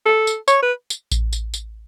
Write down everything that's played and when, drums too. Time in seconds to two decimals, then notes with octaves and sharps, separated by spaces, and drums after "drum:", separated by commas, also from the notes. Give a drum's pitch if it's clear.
0.05 A4
0.27 drum: tambourine
0.48 C#5, drum: tambourine
0.62 B4
0.90 drum: tambourine
1.11 drum: kick A1, tambourine
1.33 drum: tambourine
1.54 drum: tambourine